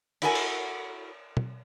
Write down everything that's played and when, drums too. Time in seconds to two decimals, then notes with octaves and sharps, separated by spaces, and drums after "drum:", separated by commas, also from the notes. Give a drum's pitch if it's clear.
0.22 D4 E4 F#4 A4 A#4 G#5, drum: cymbal
0.35 drum: open hi-hat
1.37 drum: tom